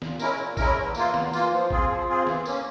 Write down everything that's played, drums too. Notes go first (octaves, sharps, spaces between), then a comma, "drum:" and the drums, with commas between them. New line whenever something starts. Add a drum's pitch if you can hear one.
A#2, drum: snare
G#3 C#4 E4 A#4, drum: tambourine
A#2
G#3 C#4 E4 A#4, drum: kick, tambourine
E2
E3 A#3 F4, drum: tambourine
E2, drum: snare
E3 A#3 F4, drum: tambourine
F3
C4 F4 G#4, drum: kick
F3
C4 F4 G#4
E3, drum: snare
A#3 C#4, drum: tambourine